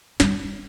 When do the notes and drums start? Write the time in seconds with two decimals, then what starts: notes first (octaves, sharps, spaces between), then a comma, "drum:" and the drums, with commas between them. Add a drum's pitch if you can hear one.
0.20 G3, drum: snare